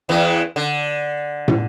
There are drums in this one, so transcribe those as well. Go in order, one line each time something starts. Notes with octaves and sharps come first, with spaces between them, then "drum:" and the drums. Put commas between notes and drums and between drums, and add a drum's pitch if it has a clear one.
E2 E3
D3
drum: tom